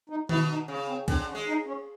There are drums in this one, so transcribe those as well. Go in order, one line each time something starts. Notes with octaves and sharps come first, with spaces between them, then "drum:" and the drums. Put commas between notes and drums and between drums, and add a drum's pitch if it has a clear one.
D#4
B2 E4, drum: tom D#3
D#4
C#3 C#4
C4
D3 C4, drum: kick, cymbal
C#4
G#3
D#4
C#4